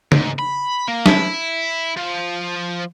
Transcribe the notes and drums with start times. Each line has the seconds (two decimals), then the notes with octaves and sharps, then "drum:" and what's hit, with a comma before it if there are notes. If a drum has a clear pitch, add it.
0.12 G#2, drum: tom
0.39 B5
0.88 A#3
1.06 E4, drum: snare
1.97 F3